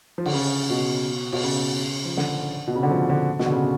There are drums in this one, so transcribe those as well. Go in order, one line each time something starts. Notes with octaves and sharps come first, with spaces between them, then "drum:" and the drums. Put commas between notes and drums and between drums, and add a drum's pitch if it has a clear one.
F3
D3, drum: cymbal
C#3
B2
B2, drum: cymbal
C#3
F3
D3, drum: snare
B2
C#3
D3
F3
D3
B2, drum: snare
D3
C#3